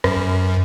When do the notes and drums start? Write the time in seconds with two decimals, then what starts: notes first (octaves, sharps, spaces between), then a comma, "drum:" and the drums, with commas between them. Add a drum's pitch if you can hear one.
0.04 F#2, drum: rim click